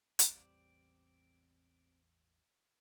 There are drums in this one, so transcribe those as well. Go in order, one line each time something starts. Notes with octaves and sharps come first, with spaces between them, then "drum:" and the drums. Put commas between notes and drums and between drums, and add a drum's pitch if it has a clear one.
A1 E2 G3 C4 D5 D6, drum: hi-hat